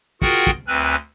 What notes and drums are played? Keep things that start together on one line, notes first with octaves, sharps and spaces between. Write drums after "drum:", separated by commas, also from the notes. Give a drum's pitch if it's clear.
F4 F#4 G#4 A#4 F#5 G5, drum: kick
drum: kick
D2 C4 B4 G#5 F6 F#6